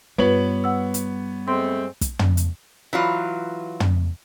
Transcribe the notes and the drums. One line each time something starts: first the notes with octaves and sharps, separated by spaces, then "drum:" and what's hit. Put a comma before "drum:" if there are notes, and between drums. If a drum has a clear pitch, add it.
G2 G3 B3 F4 B4 C#5 F#7
F#5 E6
drum: hi-hat
G#3 A3 C4 C6
drum: kick, hi-hat
drum: tom
drum: hi-hat
E3 F#3 F4
drum: tom